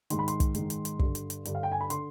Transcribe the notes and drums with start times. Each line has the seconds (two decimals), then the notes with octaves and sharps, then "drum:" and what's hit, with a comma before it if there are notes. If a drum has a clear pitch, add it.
0.10 G#2 D#3 C6, drum: hi-hat
0.19 B5
0.28 C6, drum: hi-hat
0.40 drum: kick, hi-hat
0.55 G#2 D#3, drum: hi-hat
0.70 drum: hi-hat
0.85 drum: hi-hat
0.99 G2 D3, drum: kick
1.15 drum: hi-hat
1.30 drum: hi-hat
1.45 G2 D3, drum: hi-hat
1.55 F5
1.63 G5
1.72 G#5
1.81 B5
1.90 D3 C6, drum: hi-hat